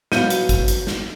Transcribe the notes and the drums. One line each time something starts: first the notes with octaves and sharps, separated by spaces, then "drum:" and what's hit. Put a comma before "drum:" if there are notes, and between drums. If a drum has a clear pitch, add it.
F#3 B3 F5 G6 C#7 D#7, drum: snare
drum: hi-hat
drum: kick, hi-hat
drum: hi-hat
drum: snare